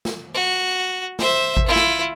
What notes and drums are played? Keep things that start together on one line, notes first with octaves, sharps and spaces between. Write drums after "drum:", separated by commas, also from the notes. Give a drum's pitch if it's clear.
drum: snare
F#4
C5 E5, drum: snare
drum: kick G#1
E4 F4
drum: snare